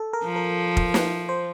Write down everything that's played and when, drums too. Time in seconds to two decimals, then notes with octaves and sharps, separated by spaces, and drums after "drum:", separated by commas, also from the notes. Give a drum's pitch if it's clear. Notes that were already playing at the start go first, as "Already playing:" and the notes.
Already playing: A4
0.13 A#4
0.24 F3
0.36 A#4
0.77 drum: kick F1
0.94 drum: snare
1.29 C5